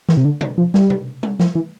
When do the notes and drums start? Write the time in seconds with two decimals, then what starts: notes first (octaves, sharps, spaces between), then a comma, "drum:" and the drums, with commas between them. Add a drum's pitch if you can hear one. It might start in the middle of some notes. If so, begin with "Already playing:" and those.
0.09 E3, drum: snare
0.17 C3
0.25 D3
0.41 drum: tom B2
0.58 F3
0.74 G3, drum: snare
0.90 drum: tom B2
1.23 drum: tom G3
1.40 F3, drum: snare
1.55 E3